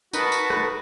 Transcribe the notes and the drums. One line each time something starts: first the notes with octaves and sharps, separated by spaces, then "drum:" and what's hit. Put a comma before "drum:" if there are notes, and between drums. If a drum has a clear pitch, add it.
D#4 F#4 A#4 B4 D#5 A5 B5, drum: tambourine
drum: tambourine
drum: rim click